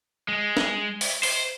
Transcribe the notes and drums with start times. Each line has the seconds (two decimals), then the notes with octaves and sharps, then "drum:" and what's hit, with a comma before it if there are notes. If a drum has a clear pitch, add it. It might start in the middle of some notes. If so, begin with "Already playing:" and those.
0.28 G#3
0.57 drum: snare
1.01 drum: open hi-hat
1.23 C5, drum: open hi-hat